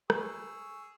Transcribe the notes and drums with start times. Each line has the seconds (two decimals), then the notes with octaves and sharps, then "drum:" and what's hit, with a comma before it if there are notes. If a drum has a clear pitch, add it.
0.10 G#4 C#6 E6, drum: rim click